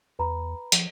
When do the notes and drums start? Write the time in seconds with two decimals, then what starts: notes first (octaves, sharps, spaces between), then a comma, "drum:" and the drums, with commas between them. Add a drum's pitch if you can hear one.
0.19 E2 B4 A#5 B5
0.72 F3, drum: hi-hat